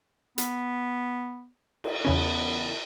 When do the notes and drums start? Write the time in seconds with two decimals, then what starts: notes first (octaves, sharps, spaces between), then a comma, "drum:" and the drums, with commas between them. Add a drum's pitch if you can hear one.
0.38 B3, drum: hi-hat
1.84 drum: cymbal
2.05 E2 C#3 B3 C#4